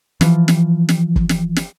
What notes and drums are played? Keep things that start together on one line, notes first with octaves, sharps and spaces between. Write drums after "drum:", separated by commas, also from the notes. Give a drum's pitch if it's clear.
E3 F3, drum: snare
drum: snare
drum: snare
drum: kick F#1
drum: snare
drum: snare